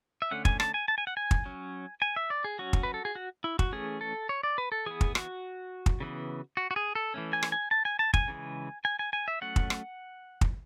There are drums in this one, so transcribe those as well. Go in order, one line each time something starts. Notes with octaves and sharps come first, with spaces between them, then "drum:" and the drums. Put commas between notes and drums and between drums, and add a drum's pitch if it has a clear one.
E5
D3 A3 C#4 F#5
G#5, drum: kick
A5, drum: rim click
G#5
A5
G#5
F#5
G#5
drum: kick
F#3 C#4
G#5
E5
D5
G#4
F#3 C#4 F#4
drum: kick
B4
A4
G#4
F#4
E4
F#4, drum: kick
E3 A3 C#4 G#4
A4
C#5
D5
B4
A4
E3 B3 G#4
drum: kick
F#4, drum: rim click
drum: kick
C#3 E3 B3
F#4
F#4
G#4
A4
E3 A3 C#4
G#5
drum: rim click
G#5
A5
G#5
A5
G#5, drum: kick
C#3 E3 G#3
G#5
G#5
G#5
E5
F#3 A3 C#4 F#5
drum: kick
drum: rim click
drum: kick